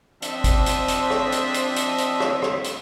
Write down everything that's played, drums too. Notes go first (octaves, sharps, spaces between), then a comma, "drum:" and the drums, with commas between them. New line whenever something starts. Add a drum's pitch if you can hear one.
F3 C4 D4 D#5 E5, drum: hi-hat
drum: kick G#1, hi-hat
drum: hi-hat
drum: hi-hat
drum: rim click
drum: hi-hat
drum: hi-hat
drum: hi-hat
drum: hi-hat
drum: rim click
drum: rim click
drum: hi-hat